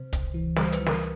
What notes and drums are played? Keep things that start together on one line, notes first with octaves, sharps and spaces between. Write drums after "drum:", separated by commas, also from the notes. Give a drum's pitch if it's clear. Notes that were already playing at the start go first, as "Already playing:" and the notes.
Already playing: C3 C5
C#2, drum: kick, hi-hat
E3
G3 C5, drum: snare
B4, drum: hi-hat
E3
A#4, drum: snare